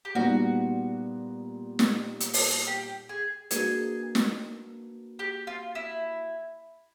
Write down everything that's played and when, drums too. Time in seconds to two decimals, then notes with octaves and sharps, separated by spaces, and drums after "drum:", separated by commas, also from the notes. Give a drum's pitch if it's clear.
0.05 G4
0.15 A#2 G3 B3 D#4 F#4
1.79 drum: snare
2.20 drum: hi-hat
2.34 drum: open hi-hat
2.67 G4
3.09 G#4
3.51 A#3 D4 F#4 G#4 B4, drum: hi-hat
4.15 drum: snare
5.19 G4
5.47 F4
5.75 E4